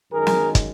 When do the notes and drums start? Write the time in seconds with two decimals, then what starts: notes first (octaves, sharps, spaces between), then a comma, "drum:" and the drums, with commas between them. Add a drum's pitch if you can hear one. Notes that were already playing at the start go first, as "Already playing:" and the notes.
0.12 F#2 D#3 G#3 G#4 A#4
0.27 drum: snare
0.55 drum: kick, hi-hat